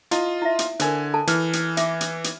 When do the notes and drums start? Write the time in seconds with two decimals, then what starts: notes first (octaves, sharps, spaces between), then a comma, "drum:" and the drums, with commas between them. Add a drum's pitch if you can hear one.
0.11 E4 F4 D#5, drum: hi-hat
0.42 E4 E5
0.59 drum: hi-hat
0.80 D3 A#4 C5 G#5, drum: hi-hat
1.14 A4 A5
1.27 E3 F6, drum: hi-hat
1.53 drum: hi-hat
1.77 E5 D6, drum: hi-hat
2.01 drum: hi-hat
2.24 drum: hi-hat